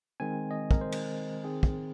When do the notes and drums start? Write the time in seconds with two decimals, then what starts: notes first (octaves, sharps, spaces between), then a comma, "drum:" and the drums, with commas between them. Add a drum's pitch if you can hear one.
0.20 D#3 G#3 C4 G#5
0.51 D#5
0.71 A#4, drum: kick
0.81 C5
0.92 drum: cymbal
1.43 D#3 C4 G#4
1.63 drum: kick